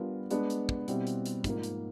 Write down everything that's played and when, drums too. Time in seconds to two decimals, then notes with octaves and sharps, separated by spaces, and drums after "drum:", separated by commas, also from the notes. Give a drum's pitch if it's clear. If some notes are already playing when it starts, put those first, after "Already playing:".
Already playing: G3 B3 D4 F4 A#4
0.31 G#3 B3 D4, drum: hi-hat
0.50 drum: hi-hat
0.69 drum: kick
0.88 B2 G3 C4 E4, drum: hi-hat
1.07 drum: hi-hat
1.26 drum: hi-hat
1.44 G#2 F3 A#3, drum: kick, hi-hat
1.63 drum: hi-hat